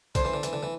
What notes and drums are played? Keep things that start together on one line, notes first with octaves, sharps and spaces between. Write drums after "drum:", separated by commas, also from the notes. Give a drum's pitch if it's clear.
D3 C5, drum: kick B1, hi-hat
E3
D3
E3, drum: hi-hat
D3
E3